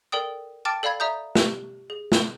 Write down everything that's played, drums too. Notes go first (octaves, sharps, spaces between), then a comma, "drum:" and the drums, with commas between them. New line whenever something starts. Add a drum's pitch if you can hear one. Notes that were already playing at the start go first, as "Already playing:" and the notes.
A4 A#4 D5 G5 D#6
G5 A5 D6 F6 A6 D7
A4 D5 F5 B5 G#6
D5 E5 A#5 D#6 G6
G4, drum: snare
G#4
drum: snare